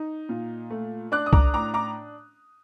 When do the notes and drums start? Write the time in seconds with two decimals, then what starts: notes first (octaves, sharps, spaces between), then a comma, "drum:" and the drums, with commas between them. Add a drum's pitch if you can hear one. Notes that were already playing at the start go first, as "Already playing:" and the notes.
Already playing: D#4
0.29 A#2
0.70 A3
1.12 D4 D6 F#6
1.26 D#6
1.33 A#5 D6, drum: kick C2
1.54 A2 A#5 D6
1.74 A#5 D6